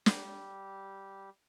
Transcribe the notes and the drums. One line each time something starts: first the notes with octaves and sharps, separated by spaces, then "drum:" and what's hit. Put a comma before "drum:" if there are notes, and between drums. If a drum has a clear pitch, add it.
G3 G4, drum: snare